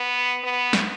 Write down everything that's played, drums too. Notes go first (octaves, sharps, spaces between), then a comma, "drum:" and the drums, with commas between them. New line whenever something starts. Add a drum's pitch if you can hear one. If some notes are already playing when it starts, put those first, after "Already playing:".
Already playing: B3
B3
drum: snare